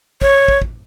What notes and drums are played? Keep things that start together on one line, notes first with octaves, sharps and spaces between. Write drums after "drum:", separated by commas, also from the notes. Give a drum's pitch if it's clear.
C#5, drum: kick
drum: kick
drum: kick